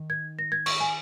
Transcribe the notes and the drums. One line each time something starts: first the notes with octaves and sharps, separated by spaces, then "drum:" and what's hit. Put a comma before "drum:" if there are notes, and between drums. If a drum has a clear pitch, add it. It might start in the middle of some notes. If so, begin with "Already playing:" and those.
Already playing: D#3
G#6
A#6
G#6
C#6, drum: cymbal
G#5